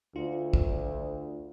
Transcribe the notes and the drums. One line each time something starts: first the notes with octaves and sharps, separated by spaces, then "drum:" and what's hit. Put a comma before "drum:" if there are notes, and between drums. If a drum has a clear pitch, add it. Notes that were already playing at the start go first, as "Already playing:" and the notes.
D2 F4
drum: kick